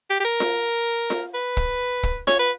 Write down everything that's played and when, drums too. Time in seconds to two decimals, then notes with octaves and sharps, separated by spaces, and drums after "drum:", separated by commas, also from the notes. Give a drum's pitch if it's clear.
0.10 G4
0.20 G4
0.24 A#4
0.40 drum: snare F4
1.10 drum: snare F4
1.34 B4
1.57 drum: kick
2.03 drum: kick
2.27 C#5, drum: snare F4
2.39 B4